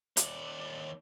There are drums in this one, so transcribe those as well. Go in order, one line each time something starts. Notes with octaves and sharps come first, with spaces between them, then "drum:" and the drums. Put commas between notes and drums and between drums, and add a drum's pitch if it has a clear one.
D#2 D5, drum: hi-hat